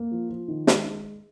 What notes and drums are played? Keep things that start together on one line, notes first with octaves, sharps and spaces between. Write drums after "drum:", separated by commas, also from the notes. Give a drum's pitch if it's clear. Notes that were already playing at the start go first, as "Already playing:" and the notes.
Already playing: A#3
F3
F3
D#3
G#3, drum: snare